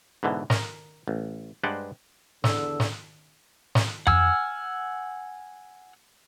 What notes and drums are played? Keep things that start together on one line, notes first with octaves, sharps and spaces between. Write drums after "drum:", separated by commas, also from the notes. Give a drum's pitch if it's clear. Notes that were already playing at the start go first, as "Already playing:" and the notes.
G#2 B2 D3 E3
A#4, drum: snare
A1
G2 G#3 B4 C5 D5 F#5
E2 D3 E6, drum: snare
drum: snare
drum: snare
F#5 G#5 E6 F6, drum: tom F2